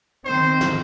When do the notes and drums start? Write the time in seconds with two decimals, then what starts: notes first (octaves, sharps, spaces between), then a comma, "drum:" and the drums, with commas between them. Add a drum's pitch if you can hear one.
0.25 D#3 C4 C5
0.61 drum: snare